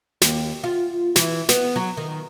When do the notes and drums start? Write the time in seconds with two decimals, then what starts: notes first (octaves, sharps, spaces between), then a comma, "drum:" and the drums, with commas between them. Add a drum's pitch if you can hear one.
0.22 D#2, drum: snare
0.64 F4
1.16 E3, drum: snare
1.49 B3, drum: snare
1.76 F#3
1.97 D#3